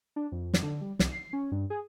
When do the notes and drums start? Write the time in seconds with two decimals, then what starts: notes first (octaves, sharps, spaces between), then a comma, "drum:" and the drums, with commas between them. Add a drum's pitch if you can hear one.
0.16 D4
0.32 F2
0.54 drum: snare
0.63 D3
0.81 G3
0.99 C2, drum: snare
1.12 C7
1.33 C#4
1.52 G2
1.70 G#4